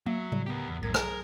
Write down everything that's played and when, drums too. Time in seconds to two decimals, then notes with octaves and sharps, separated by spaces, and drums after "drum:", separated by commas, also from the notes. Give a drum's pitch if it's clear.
0.06 F#3 A#3 E5
0.32 A2 C#3 G3
0.46 B3 G4 A#4
0.68 E2
0.83 B1 F#2 A2 A#4 G#6
0.94 G#4 A#4, drum: rim click